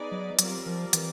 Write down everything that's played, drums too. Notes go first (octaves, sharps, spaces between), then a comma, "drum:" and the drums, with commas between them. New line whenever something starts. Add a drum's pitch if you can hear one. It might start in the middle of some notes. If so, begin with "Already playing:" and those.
Already playing: B3 D#4 G#4 B4 D5
F#3
F#3 G3 C4 F4 A#4 D5, drum: hi-hat
F3
E3, drum: hi-hat